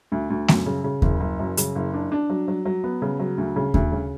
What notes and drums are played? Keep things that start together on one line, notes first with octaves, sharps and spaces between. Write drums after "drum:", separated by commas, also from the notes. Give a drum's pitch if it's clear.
D2
D2
F#2, drum: snare A3
C#3
C#3
F#1, drum: kick D#2
F#1
F#2
C#3, drum: hi-hat
F#1
D4
D4
F#3
F#3
F#3
B3
C#3
F#3
D2
C#3
D2, drum: kick D#2
C#3